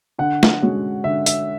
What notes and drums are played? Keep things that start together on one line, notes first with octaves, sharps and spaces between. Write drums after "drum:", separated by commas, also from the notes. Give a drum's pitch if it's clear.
D3 F#5
drum: snare
G#3 C#4 F#4
D3 E5
E5, drum: hi-hat